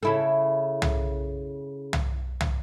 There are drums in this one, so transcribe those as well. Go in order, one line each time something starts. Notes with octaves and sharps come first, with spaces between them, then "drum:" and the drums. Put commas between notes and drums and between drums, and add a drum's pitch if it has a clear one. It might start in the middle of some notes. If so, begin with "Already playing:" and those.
C#3 E4 A4
drum: tom
drum: tom
drum: tom